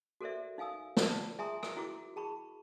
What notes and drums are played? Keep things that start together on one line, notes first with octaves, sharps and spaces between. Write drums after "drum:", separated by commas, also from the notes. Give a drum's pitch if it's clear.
F#4 A4 A#4 C5 D5 E5
D#4 F5 G#5 D#6 E6
F4 D5 A5, drum: snare
G#4 E5 G#5 A#5 C6 D#6
drum: rim click
E4 F#4 A#4 D6
G#4 A5 B5 C#6